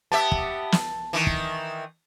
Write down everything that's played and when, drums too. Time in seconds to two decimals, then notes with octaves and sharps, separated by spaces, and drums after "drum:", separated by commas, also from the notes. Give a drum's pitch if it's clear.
0.12 B3 G4 E5 A5
0.32 drum: kick
0.72 drum: snare
1.13 D#3 E3
1.27 drum: kick